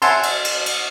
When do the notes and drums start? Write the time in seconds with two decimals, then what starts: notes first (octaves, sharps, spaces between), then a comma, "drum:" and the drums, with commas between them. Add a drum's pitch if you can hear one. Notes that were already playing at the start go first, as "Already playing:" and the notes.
0.02 E5 F#5 G#5 A5 C6, drum: cymbal
0.23 drum: cymbal
0.45 drum: cymbal
0.66 drum: cymbal